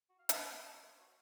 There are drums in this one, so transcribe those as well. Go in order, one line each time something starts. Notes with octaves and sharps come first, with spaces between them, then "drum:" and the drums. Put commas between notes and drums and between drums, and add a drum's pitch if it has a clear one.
F#4
F5
F5, drum: hi-hat
F#5
F5
D#5
C#5
A#4
C5
F#4